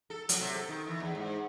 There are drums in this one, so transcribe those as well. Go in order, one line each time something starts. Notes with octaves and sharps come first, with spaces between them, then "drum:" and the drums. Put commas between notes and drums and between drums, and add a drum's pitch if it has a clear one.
A4
F#3, drum: hi-hat
C3
A4
D#3
E3
E2
G#2